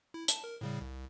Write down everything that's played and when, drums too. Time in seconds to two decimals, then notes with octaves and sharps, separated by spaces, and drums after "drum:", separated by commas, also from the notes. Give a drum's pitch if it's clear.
0.14 E4
0.28 A5, drum: hi-hat
0.44 A#4
0.61 A2 C#3 G3
0.81 C2